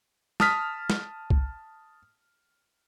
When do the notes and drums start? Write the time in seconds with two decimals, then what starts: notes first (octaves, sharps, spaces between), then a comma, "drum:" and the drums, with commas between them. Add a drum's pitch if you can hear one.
0.40 A5 D#6 F6 B6, drum: snare
0.90 drum: snare
1.30 drum: kick C2